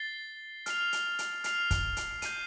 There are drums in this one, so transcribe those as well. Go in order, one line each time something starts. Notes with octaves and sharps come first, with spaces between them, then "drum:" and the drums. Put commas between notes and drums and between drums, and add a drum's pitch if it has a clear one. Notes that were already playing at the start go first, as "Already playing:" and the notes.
Already playing: A6 C7 G7
F6 C7 F7, drum: hi-hat
drum: hi-hat
drum: hi-hat
F6 C7 F7, drum: hi-hat
drum: kick, hi-hat
drum: hi-hat
G6 C7 D#7, drum: hi-hat